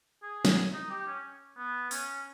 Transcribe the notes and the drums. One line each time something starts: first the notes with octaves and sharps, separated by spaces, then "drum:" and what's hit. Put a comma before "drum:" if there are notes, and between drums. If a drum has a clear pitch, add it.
G#4
drum: snare
D#4
G4
C#4
B3
C#4, drum: open hi-hat